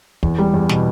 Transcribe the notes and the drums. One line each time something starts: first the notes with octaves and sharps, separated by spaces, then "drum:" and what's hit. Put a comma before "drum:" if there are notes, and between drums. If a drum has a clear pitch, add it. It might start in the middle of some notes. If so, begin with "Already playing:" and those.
E2, drum: kick
G3
E2
B2, drum: snare